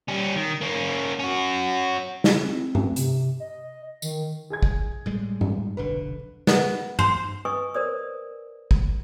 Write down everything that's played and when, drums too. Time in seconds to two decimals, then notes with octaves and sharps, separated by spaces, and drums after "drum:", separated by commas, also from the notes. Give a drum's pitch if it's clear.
0.08 G3 C#4
0.36 D#3
0.61 A#3 C#4
1.19 C#4 F#4
2.24 E4, drum: snare
2.44 C4
2.75 drum: tom G2
2.96 C3, drum: hi-hat
3.40 D#5
4.02 D#3, drum: tambourine
4.50 G#4 G#5 G#6
4.63 drum: kick
5.06 A2 G3 G#3
5.41 drum: tom G2
5.77 F1 B1 D3 B4
6.47 B3, drum: snare
6.99 C5, drum: tom G2
7.45 B4 D#5 G#5 C#6 D#6
7.75 A#4 C5 D5 D#6
8.71 drum: kick